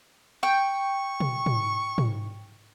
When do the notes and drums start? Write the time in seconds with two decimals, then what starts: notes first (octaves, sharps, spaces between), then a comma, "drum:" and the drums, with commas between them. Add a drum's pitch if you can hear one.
0.43 G5 C#6
1.20 drum: tom
1.46 drum: tom
1.98 drum: tom